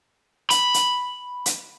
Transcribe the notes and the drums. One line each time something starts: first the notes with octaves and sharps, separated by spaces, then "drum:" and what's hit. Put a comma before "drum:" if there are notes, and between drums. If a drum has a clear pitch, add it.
B5, drum: hi-hat
drum: hi-hat
drum: hi-hat